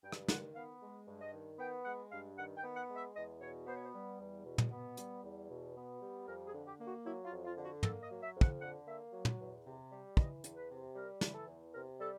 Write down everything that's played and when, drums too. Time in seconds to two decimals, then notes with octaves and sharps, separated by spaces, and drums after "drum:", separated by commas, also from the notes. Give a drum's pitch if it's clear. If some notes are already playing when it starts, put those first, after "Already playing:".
0.03 G2 G5
0.12 drum: rim click
0.28 D#3 F#5, drum: snare
0.55 B3 F5
0.81 G#3
1.07 G2
1.20 D#5
1.32 D#3
1.58 B3 G5
1.85 G#3 F#5
2.11 G2 F5
2.37 D#3 F#5
2.57 G5
2.63 B3
2.76 F#5
2.89 G#3
2.95 E5
3.15 E2 D#5
3.41 B2 C#5
3.67 B3 C5
3.75 C#5
3.84 C5
3.93 G3
4.19 E2
4.45 B2
4.58 drum: tom
4.71 B3
4.97 G3, drum: hi-hat
5.23 E2
5.50 B2
5.76 B3
6.01 G3
6.27 F2 A#4
6.47 G#4
6.53 D3
6.67 G4
6.80 A#3
6.86 F#4
7.05 F#3 E4
7.25 F4
7.32 F2
7.45 F4
7.57 D3
7.64 F#4
7.83 A#3 A4, drum: tom
8.02 D#5
8.10 F#3
8.23 E5
8.36 F2
8.41 F#5, drum: kick
8.61 D3 F#5
8.87 A#3 E5
9.13 F#3
9.25 drum: tom
9.40 E2
9.65 C3
9.91 G3
10.17 E3 D#5, drum: kick
10.44 E2, drum: hi-hat
10.56 B4
10.69 C3
10.95 G3 A#4
11.21 E3, drum: snare
11.34 A4
11.47 E2
11.73 C3 A#4
11.99 G3 A4